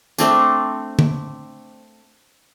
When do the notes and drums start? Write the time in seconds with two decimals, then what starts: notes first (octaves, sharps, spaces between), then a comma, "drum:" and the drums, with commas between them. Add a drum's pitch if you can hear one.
0.18 A3 C4 D4, drum: tambourine
0.99 drum: tom D3